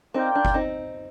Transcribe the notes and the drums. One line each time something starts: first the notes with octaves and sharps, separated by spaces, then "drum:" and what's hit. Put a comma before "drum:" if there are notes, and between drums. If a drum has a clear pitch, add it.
C4 D#4 F4 A#4 D5 G5
D4
drum: kick G1
C4 D#4